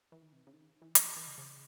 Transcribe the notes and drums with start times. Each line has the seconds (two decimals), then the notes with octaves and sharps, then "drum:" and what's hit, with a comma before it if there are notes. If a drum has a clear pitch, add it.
0.12 E3
0.22 D#3
0.33 C3
0.47 C#3
0.53 D#3
0.82 E3
0.95 F#3, drum: hi-hat
1.06 E3
1.16 E3
1.27 C#3
1.38 C#3